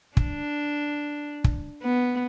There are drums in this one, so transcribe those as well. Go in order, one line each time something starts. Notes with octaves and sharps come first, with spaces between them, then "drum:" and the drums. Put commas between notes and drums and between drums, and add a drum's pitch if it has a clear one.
D4, drum: kick
drum: kick
B3